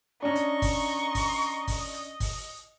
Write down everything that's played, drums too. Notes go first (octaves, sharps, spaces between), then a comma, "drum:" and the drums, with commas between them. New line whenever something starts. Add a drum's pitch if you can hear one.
C#4 D4 D#5 A#5 C#6
drum: hi-hat
drum: kick G1, open hi-hat
drum: hi-hat
drum: kick G1, open hi-hat
drum: hi-hat
drum: kick G1, open hi-hat
drum: hi-hat
drum: kick G1, open hi-hat